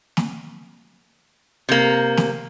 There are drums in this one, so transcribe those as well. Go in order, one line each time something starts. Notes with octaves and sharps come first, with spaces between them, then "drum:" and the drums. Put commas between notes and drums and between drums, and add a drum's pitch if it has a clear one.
drum: snare
C3 A#3
drum: snare